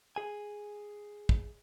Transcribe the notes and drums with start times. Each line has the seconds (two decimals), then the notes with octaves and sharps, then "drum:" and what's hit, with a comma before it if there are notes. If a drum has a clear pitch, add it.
0.16 G#4 G#5
1.29 drum: kick